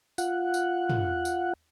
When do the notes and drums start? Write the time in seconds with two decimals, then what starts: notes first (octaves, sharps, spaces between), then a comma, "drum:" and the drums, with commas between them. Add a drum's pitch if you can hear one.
0.18 F4 F#5, drum: tambourine
0.54 drum: tambourine
0.90 drum: tom
1.25 drum: tambourine